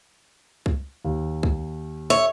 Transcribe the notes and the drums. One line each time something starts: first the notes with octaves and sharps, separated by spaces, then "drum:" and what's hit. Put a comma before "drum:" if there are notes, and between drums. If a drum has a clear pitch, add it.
drum: kick C2
D#2
drum: kick C2
C#5 E5